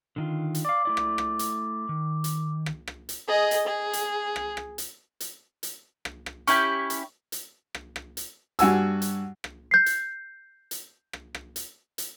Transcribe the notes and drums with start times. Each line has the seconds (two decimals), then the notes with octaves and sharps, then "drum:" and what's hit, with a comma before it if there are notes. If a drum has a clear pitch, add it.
0.16 D3 D#3 F4
0.55 drum: hi-hat
0.65 D5 F5 D6
0.85 A3 E4 D5
0.97 drum: rim click
1.18 drum: rim click
1.39 drum: hi-hat
1.89 D#3
2.24 drum: hi-hat
2.66 drum: rim click
2.87 drum: rim click
3.09 drum: hi-hat
3.28 G#4 D#5
3.51 drum: hi-hat
3.67 G#4
3.93 drum: hi-hat
4.36 drum: rim click
4.57 drum: rim click
4.78 drum: hi-hat
5.20 drum: hi-hat
5.63 drum: hi-hat
6.05 drum: rim click
6.26 drum: rim click
6.47 C#4 E4 G4 C#6, drum: hi-hat
6.90 drum: hi-hat
7.32 drum: hi-hat
7.75 drum: rim click
7.96 drum: rim click
8.17 drum: hi-hat
8.59 G2 F#4 G#5 E6, drum: hi-hat
9.02 drum: hi-hat
9.44 drum: rim click
9.71 G6 C7
9.86 drum: hi-hat
10.71 drum: hi-hat
11.13 drum: rim click
11.35 drum: rim click
11.56 drum: hi-hat
11.98 drum: hi-hat